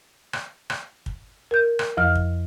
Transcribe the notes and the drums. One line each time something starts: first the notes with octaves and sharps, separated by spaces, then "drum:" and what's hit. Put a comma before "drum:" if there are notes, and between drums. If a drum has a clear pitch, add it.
drum: rim click
drum: rim click
drum: kick
A#4 G6
drum: rim click
F2 F3 F6
drum: kick